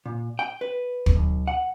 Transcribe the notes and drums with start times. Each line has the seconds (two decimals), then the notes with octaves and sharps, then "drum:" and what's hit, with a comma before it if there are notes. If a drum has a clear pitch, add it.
0.06 A#2
0.39 G5
0.61 B4
1.06 drum: kick
1.15 B1
1.48 F#5